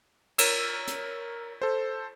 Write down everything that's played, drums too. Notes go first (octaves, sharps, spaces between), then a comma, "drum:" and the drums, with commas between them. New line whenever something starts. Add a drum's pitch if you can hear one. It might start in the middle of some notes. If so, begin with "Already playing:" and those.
A#4 C#5 E6, drum: cymbal
drum: hi-hat
A4 C5